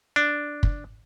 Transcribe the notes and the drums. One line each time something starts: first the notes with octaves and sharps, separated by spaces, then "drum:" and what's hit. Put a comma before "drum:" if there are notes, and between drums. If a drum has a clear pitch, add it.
D4
drum: kick